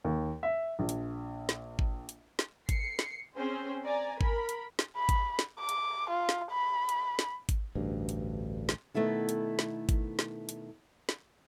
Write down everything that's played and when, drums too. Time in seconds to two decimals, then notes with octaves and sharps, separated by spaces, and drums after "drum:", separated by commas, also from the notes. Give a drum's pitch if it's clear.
0.04 D#2
0.43 E5
0.79 A#1
0.89 drum: hi-hat
1.49 drum: snare
1.79 drum: kick G#1
2.09 drum: hi-hat
2.39 drum: snare
2.69 C7 C#7, drum: kick G#1, hi-hat
2.99 drum: snare
3.37 C4 C#4 G#4 C5
3.85 D5 G#5 A#5
4.21 A#4 B5, drum: kick G#1
4.49 drum: hi-hat
4.79 drum: snare
4.96 B5
5.09 drum: kick G#1, hi-hat
5.39 drum: snare
5.60 D6
5.69 drum: hi-hat
6.11 F4
6.29 drum: snare
6.51 B5
6.89 drum: hi-hat
7.19 drum: snare
7.49 drum: kick G#1, hi-hat
7.75 A1 D2 G2
8.09 drum: hi-hat
8.69 drum: snare
8.94 B2 D#3 A3 B3 E4 A4
9.29 drum: hi-hat
9.59 drum: snare
9.89 drum: kick G#1, hi-hat
10.19 drum: snare
10.49 drum: hi-hat
11.09 drum: snare